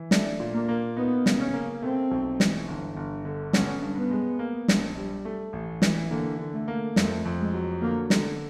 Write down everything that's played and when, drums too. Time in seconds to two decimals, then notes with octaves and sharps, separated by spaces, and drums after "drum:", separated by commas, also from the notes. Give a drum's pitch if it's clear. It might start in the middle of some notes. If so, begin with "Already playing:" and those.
Already playing: E3
0.11 A3 D4, drum: snare
0.40 A#2
0.54 A#3
0.68 A#3
0.97 B3 D#4
1.26 C#3, drum: snare
1.39 C#4
1.54 A#3
1.82 A3 C4
2.11 B1
2.40 E3, drum: snare
2.68 G1
2.96 G1
3.25 D3
3.53 B3 C#4, drum: snare
3.82 G2
3.96 B3
4.11 G#3
4.39 A#3
4.68 A#1, drum: snare
4.96 G3
5.25 A3
5.53 A1
5.82 E3, drum: snare
6.11 D3 A#3
6.39 D3
6.53 A3
6.68 A#3
6.96 F2 A3, drum: snare
7.25 F2
7.39 G#3
7.53 F#3
7.82 D3 A#3
8.10 D3, drum: snare